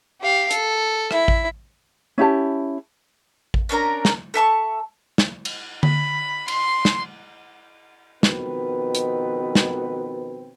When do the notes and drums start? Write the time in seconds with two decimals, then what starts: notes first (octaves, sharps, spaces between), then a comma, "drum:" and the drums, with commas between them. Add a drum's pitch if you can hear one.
0.21 G4 F5
0.51 A4, drum: hi-hat
1.11 E4 E5, drum: rim click
1.28 drum: kick A1
2.18 C#4 E4 G4 A5
3.54 drum: kick A1
3.69 C#4 D4 A#4 A#5
4.05 drum: snare
4.34 A4 E5 A5 C#6
5.18 drum: snare
5.45 drum: cymbal
5.83 B5, drum: tom D3
6.48 C6, drum: cymbal
6.85 drum: snare
8.23 F2 B2 D#3 C4 B4, drum: snare
8.95 drum: hi-hat
9.55 drum: snare